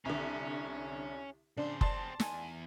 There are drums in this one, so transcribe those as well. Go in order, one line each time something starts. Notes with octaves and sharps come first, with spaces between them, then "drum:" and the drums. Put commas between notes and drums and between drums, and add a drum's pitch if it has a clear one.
C2 D3 C#4
C#3 D4 C5
C4 G#4 D5 A5 C6, drum: kick F#1
E2 G#5, drum: snare